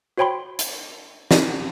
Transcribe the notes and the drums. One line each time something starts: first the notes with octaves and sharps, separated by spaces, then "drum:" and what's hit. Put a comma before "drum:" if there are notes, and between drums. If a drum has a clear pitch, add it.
F#4 C5 C#5 G5 B5 C6
drum: hi-hat
D#4 A#4 D5 D#5, drum: snare